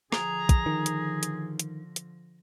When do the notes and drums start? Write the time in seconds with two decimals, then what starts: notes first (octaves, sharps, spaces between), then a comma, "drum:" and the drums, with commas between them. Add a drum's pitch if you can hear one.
0.12 D3 F3 G#4 A#5, drum: rim click
0.49 drum: kick, hi-hat
0.66 D#3
0.86 drum: hi-hat
1.23 drum: hi-hat
1.59 drum: hi-hat
1.96 drum: hi-hat